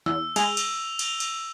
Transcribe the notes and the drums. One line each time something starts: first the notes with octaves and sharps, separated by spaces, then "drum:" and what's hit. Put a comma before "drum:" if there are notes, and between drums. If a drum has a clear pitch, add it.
E2 E6
G#3 F7, drum: cymbal
drum: cymbal
drum: cymbal
drum: cymbal